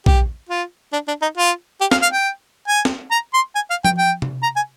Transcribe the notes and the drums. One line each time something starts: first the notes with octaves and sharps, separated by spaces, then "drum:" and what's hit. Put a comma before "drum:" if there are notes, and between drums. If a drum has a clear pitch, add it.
G4, drum: kick B1
F4
D4
D4
D#4
F4
G4
F5, drum: snare
F5
G5
G#5
drum: snare
A#5
C6
G#5
F5
G5, drum: tom F3
G5
drum: tom C3
A#5
G#5